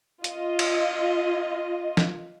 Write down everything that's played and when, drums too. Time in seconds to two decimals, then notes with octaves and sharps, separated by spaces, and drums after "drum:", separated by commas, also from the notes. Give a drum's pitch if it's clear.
0.24 F4 D#5, drum: hi-hat
0.59 drum: cymbal
1.97 drum: snare